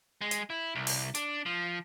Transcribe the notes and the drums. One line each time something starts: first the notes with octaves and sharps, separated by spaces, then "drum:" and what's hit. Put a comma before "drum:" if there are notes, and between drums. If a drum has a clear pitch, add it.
G#3
drum: hi-hat
E4
C2
drum: open hi-hat
D4, drum: hi-hat
F3